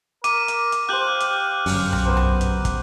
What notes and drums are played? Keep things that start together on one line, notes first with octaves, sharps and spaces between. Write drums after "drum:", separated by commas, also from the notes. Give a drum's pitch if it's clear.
A#4 D6 D#7, drum: hi-hat
drum: hi-hat
drum: hi-hat
G4 C5 F5 F#6 G6 F#7
drum: hi-hat
G1 F#2, drum: open hi-hat
drum: tom B1
B3 A#4 C5
drum: tom B1
drum: hi-hat
drum: kick, hi-hat